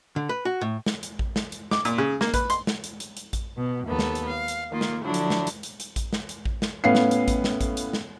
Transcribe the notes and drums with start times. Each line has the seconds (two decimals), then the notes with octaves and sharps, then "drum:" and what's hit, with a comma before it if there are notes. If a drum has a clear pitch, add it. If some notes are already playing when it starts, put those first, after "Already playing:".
0.16 D3
0.29 B4
0.45 F#4
0.61 A2
0.86 drum: snare
1.03 drum: hi-hat
1.19 drum: kick A1
1.36 drum: snare
1.52 drum: hi-hat
1.71 D6, drum: snare
1.85 A#2, drum: hi-hat
1.98 C#3
2.21 A#3, drum: snare
2.34 B4, drum: kick A1, hi-hat
2.50 C6, drum: hi-hat
2.67 drum: snare
2.84 drum: hi-hat
3.00 drum: hi-hat
3.17 drum: hi-hat
3.33 drum: kick A1, hi-hat
3.57 B2
3.87 D#2 B3 A4
3.99 drum: snare
4.15 drum: hi-hat
4.27 F5
4.48 drum: hi-hat
4.71 D#3 A#3 F4
4.81 drum: snare
5.03 D3 F3 F#3 D4 E4
5.14 drum: hi-hat
5.30 drum: snare
5.47 drum: hi-hat
5.63 drum: hi-hat
5.80 drum: hi-hat
5.96 drum: kick A1, hi-hat
6.13 drum: snare
6.29 drum: hi-hat
6.45 drum: kick A1
6.62 drum: snare
6.84 A2 B3 C#4 F5 C7
6.95 drum: snare
7.11 drum: hi-hat
7.28 drum: kick A1, hi-hat
7.44 drum: snare
7.61 drum: kick A1, hi-hat
7.77 drum: hi-hat
7.93 drum: snare